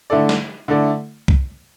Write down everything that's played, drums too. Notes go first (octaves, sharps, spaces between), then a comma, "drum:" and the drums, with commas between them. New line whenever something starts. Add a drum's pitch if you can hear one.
D3 A3 E4 A4 D5
drum: snare
D3 A3 E4 A4 D5
drum: kick C2